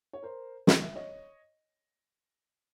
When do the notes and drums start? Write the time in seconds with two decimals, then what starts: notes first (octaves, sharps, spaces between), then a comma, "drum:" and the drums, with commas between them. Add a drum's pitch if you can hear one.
0.13 C#5
0.23 A#4 C5
0.67 D#5, drum: snare
0.82 E5
0.95 C#5 D#5